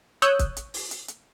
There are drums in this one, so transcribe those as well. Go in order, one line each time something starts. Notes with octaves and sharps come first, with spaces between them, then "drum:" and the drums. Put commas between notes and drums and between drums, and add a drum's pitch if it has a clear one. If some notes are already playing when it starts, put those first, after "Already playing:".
C#5 D#6 E6 F#6 G6, drum: hi-hat
drum: kick, hi-hat
drum: hi-hat
drum: open hi-hat
drum: hi-hat
drum: hi-hat